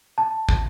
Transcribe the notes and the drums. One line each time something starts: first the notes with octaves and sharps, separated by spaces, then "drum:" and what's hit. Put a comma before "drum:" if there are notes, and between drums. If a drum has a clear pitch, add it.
A5
drum: kick